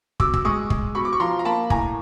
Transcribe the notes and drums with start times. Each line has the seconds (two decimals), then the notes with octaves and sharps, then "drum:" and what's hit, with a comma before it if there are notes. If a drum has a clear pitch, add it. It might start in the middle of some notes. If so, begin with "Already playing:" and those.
0.20 B2 D6 E6, drum: kick
0.34 E6, drum: kick
0.45 G#3 C#6 D#6
0.70 G#3, drum: kick
0.95 B2 B5 C#6
1.05 D6
1.13 C#6
1.20 F3 A#5 C6
1.39 A#5
1.45 A#3 A5 B5
1.70 A2 G#5 A#5, drum: kick